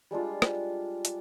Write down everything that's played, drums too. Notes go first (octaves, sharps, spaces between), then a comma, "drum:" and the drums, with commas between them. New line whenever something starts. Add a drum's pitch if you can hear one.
G3 G#3 D4 F4
drum: rim click
drum: hi-hat